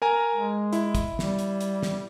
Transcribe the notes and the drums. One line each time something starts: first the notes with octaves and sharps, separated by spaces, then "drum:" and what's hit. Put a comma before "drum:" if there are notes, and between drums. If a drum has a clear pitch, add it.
A#4 G#5 A#5
G#3
E4, drum: hi-hat
drum: kick, hi-hat
G3, drum: snare
drum: hi-hat
drum: hi-hat
drum: snare